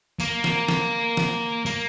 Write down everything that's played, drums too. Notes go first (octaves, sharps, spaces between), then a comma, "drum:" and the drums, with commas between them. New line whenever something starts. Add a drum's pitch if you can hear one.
A#3, drum: tambourine
drum: snare
drum: snare
drum: snare
A#3, drum: tambourine